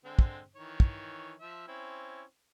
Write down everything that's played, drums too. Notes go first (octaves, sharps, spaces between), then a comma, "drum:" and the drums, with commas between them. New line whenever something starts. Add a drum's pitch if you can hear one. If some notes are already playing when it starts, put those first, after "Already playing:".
D3 G#3 C4
drum: kick
D#3 E3 C#5
drum: kick
F3 E5
C4 C#4 E4